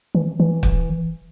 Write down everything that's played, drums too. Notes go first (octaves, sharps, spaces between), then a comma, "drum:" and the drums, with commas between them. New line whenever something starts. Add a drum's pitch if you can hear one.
E3
E3
drum: kick